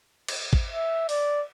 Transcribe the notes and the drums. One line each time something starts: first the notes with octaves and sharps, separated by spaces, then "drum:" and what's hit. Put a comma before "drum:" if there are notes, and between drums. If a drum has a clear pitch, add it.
drum: cymbal
drum: kick
E5
D5, drum: open hi-hat